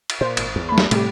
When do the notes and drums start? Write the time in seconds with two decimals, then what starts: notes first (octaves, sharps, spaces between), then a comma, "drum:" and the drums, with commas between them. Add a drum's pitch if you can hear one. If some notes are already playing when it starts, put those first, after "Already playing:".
0.10 drum: cymbal
0.21 A#2 C5
0.37 G#1, drum: cymbal
0.56 E2
0.69 A3 B5
0.78 drum: snare
0.91 A2 C3 G3 A3 G4, drum: cymbal